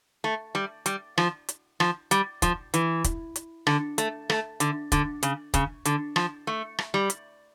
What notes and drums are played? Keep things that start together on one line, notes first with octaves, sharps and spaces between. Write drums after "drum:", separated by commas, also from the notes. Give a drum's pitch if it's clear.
A3
G3
G3, drum: hi-hat
F3, drum: rim click
drum: hi-hat
F3, drum: rim click
G3, drum: hi-hat
F3, drum: kick, hi-hat
E3, drum: hi-hat
drum: kick, hi-hat
drum: hi-hat
D3, drum: rim click
A3, drum: hi-hat
A3, drum: rim click
D3, drum: hi-hat
D3, drum: kick, hi-hat
C#3, drum: hi-hat
C#3, drum: kick, hi-hat
D3, drum: hi-hat
F3, drum: rim click
A3
drum: rim click
G3
drum: hi-hat